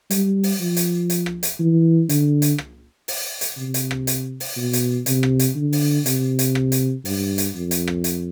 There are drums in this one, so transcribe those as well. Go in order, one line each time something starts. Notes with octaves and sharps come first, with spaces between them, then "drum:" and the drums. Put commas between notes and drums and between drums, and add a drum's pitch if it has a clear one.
G3, drum: hi-hat
drum: open hi-hat
F3
drum: hi-hat
drum: hi-hat
drum: rim click
drum: hi-hat
E3
D3, drum: hi-hat
drum: hi-hat
drum: rim click
drum: open hi-hat
drum: hi-hat
C3
drum: hi-hat
drum: rim click
drum: hi-hat
drum: open hi-hat
B2
drum: hi-hat
C3, drum: hi-hat
drum: rim click
drum: hi-hat
D3
drum: open hi-hat
C3, drum: hi-hat
drum: hi-hat
drum: rim click
drum: hi-hat
G2, drum: open hi-hat
drum: hi-hat
F2
drum: hi-hat
drum: rim click
drum: hi-hat